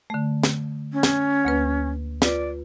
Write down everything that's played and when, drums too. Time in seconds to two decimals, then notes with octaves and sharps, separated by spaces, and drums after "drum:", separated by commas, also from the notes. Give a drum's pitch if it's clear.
0.10 D3 A3
0.44 drum: snare
0.92 C#4
1.03 drum: snare
1.45 D2 A#3 B4
2.22 F4 B4 D5, drum: snare